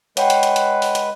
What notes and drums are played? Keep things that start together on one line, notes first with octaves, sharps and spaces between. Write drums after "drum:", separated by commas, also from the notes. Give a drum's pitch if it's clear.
G#3 B4 C#5 F#5 G5, drum: hi-hat
drum: hi-hat
drum: hi-hat
drum: hi-hat
drum: open hi-hat
drum: hi-hat